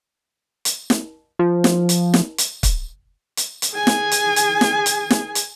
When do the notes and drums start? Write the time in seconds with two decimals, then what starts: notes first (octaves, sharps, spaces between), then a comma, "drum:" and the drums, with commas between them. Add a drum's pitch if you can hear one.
0.65 drum: hi-hat
0.90 drum: snare
1.39 F3
1.64 drum: snare
1.89 drum: hi-hat
2.14 drum: snare
2.38 drum: hi-hat
2.63 drum: kick, hi-hat
3.37 drum: hi-hat
3.62 drum: hi-hat
3.72 G#4 G#5
3.87 drum: snare
4.12 drum: hi-hat
4.36 drum: hi-hat
4.61 drum: snare
4.86 drum: hi-hat
5.10 drum: snare
5.35 drum: hi-hat